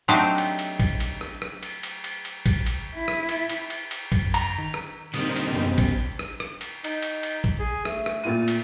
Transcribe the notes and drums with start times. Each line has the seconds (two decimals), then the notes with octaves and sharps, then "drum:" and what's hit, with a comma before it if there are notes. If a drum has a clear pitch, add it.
0.08 F#3 A3 C4 D4 D#4 G4
0.38 drum: cymbal
0.59 drum: cymbal
0.80 drum: kick, cymbal
1.00 drum: cymbal
1.21 drum: rim click
1.42 drum: rim click
1.63 drum: cymbal
1.83 drum: cymbal
2.04 drum: cymbal
2.25 drum: cymbal
2.46 drum: kick, cymbal
2.66 drum: cymbal
2.95 E4
3.08 drum: rim click
3.29 drum: cymbal
3.49 drum: cymbal
3.70 drum: cymbal
3.91 drum: cymbal
4.12 F#2, drum: kick, cymbal
4.34 A#5, drum: cymbal
4.58 D#3
4.74 drum: rim click
5.14 D3 G3 A#3 C4 D#4 D#6, drum: cymbal
5.36 drum: cymbal
5.52 E1 C2 F#2 B3 C#4
5.78 drum: kick, cymbal
6.19 drum: rim click
6.40 drum: rim click
6.61 drum: cymbal
6.84 D#4, drum: cymbal
7.02 drum: cymbal
7.23 drum: cymbal
7.44 drum: kick
7.59 G#4
7.85 A3, drum: rim click
8.06 drum: rim click
8.24 A#2 F4 D#7
8.48 drum: cymbal